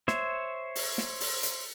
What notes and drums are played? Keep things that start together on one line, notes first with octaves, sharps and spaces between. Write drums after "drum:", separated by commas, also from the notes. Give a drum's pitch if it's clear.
C5 C#5 E5, drum: snare
drum: open hi-hat
drum: snare
drum: open hi-hat
drum: hi-hat